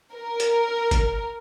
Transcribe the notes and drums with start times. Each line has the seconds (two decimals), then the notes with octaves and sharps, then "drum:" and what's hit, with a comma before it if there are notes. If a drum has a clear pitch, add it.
0.14 A#4
0.40 drum: hi-hat
0.91 drum: kick, hi-hat